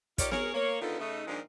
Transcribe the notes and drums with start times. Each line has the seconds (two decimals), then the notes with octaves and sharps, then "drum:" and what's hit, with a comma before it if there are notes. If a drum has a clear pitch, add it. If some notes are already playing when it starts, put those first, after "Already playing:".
0.18 D#4 F4 G4 A#4 C#5 D5, drum: kick, hi-hat
0.31 G#4 A#4 C#5, drum: snare B3
0.54 A#3 C#5
0.81 D3 D#3 B3 D4 F4 A4
1.00 C#3 A3 D#4
1.28 A#2 D#3 F3 G#3 D4 F4